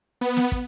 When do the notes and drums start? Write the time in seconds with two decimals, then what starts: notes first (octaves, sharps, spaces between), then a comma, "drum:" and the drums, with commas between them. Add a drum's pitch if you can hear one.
0.21 B3
0.36 drum: snare
0.52 drum: kick